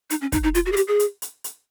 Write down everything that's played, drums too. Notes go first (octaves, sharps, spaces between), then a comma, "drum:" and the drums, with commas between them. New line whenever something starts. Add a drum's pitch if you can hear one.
D#4, drum: hi-hat
C#4
D#4, drum: kick, hi-hat
D#4
F4, drum: hi-hat
F#4
G#4
G4, drum: hi-hat
G#4
drum: hi-hat
drum: hi-hat
drum: hi-hat